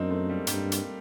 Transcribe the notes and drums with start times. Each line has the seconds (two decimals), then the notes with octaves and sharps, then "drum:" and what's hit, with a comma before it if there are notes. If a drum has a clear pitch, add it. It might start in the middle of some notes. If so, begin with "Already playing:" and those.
Already playing: F#2 A#3 C4 D4 D#4
0.10 A3 C4
0.28 G3 A#3
0.47 G2 G3 A#3, drum: hi-hat
0.72 drum: hi-hat